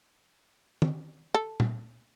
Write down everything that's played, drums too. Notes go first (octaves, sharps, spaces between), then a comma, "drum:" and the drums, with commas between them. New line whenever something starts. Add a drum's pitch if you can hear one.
drum: tom
A4
drum: tom A#2